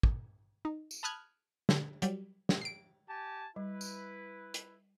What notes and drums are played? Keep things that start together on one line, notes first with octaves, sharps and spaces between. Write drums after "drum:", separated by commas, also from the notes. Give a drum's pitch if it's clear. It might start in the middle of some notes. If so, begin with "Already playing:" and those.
drum: kick
D#4
drum: tambourine
A5 B5 D#6 F6 F#6 G#6
D3, drum: snare
F#3 G3, drum: hi-hat
drum: snare
C7 D7
G4 G#5 A5
G3 E4 B4
drum: tambourine
drum: hi-hat